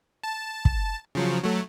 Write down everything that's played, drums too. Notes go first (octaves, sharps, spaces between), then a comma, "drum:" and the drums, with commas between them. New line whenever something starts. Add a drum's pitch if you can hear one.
A5
drum: kick
C#3 F3 F#3
F#3 A3